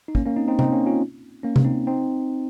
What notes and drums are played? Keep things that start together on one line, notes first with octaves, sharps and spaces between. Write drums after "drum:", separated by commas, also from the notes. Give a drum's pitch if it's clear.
D#4
A#3 C#4, drum: kick
A#3 C#4
C4 D#4
C4 D#4
C4 D#4, drum: tom C3
A#3 C#4
C#4 F4
A#3 C#4
drum: tom C3
C4 D#4
C4 D#4